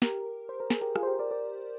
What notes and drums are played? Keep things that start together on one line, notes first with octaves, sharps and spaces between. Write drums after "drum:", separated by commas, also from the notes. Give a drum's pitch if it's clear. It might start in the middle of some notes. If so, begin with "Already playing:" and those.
G4 A#4, drum: snare
C5
A#4
G#4, drum: snare
G4 A#4
F4 G#4, drum: rim click
C5
G4 A#4
A#4 D5
A#4 D5